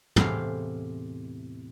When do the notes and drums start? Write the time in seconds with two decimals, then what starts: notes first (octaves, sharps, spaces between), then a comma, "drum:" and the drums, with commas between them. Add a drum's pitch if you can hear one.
0.16 E2 A2 C3 F4 F5, drum: tom